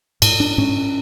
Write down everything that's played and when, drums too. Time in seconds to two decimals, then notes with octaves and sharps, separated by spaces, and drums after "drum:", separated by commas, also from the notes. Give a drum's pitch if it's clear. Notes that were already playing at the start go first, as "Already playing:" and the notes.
0.22 G#2, drum: cymbal
0.40 D4
0.58 G#2 C#4